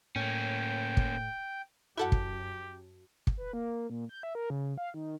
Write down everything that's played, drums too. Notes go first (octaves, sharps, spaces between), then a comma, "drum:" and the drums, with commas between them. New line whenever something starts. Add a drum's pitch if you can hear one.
A2 A#3 C#4 G5
drum: kick
F#2 E4 F#4 G4 A4 F#5 A5
drum: kick
drum: kick
B4
A#3
A#2
G6
E5
A#4
C#3
F5
D#3